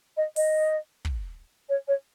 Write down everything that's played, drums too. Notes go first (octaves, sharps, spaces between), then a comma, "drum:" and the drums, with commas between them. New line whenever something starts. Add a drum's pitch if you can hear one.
D#5
D#5, drum: open hi-hat
drum: kick
C#5
C#5